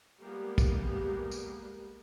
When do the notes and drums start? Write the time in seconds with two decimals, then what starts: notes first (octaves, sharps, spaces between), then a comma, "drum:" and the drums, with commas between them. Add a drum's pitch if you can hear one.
0.21 G3 G#3 A#3 B3 G4
0.58 drum: kick, tambourine
1.31 drum: tambourine